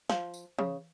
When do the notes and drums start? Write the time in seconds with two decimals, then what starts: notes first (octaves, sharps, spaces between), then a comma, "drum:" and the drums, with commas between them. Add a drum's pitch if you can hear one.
0.09 F3, drum: snare
0.34 drum: tambourine
0.59 C#3, drum: tom E3